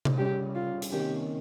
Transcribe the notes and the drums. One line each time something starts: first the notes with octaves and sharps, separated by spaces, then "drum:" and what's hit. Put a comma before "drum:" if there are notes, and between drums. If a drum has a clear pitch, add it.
drum: tom C3
G3 C#4 G4 G#4
F4
drum: hi-hat
C3 D#3 A#3 C#4 G4